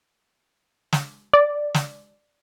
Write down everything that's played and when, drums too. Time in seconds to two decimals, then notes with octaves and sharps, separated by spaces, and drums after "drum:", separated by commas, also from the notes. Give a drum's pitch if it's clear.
0.93 drum: snare
1.34 D5
1.74 drum: snare